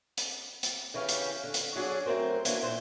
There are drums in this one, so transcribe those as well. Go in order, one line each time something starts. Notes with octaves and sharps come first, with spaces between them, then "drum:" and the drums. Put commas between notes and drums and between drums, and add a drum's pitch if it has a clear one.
drum: hi-hat
drum: hi-hat
C#3 E3 C#4 G4 F5
drum: hi-hat
D3
drum: hi-hat
F#3 C#4 D4 G#4 D5 F#5
F#3 A3 C4 A#4 C5
E3 A#3 C#4 D4 E4, drum: hi-hat
A#2 E4 C5